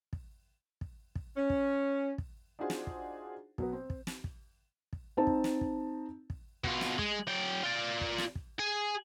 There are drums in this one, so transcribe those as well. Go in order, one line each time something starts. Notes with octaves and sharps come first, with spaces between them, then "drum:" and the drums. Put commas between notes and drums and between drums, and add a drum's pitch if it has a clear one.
drum: kick
drum: kick
drum: kick
C#4
drum: kick
drum: kick
D4 D#4 F4 F#4 G#4 C5
drum: snare
drum: kick
B2 F#3 B3, drum: kick
C4
drum: kick
drum: snare
drum: kick
drum: kick
C4 D#4 A5
drum: kick
drum: snare
drum: kick
drum: kick
B2 F4, drum: kick
drum: snare
G#3, drum: kick
F#3 G5
F4 D5
drum: kick
drum: snare
drum: kick
G#4 G#5